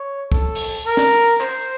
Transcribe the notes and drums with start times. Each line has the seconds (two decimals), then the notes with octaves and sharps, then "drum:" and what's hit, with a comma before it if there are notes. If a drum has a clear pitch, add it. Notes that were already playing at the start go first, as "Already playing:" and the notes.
Already playing: C#5
0.32 A4, drum: kick
0.55 drum: open hi-hat
0.86 A#4
0.97 drum: snare
1.41 C5, drum: clap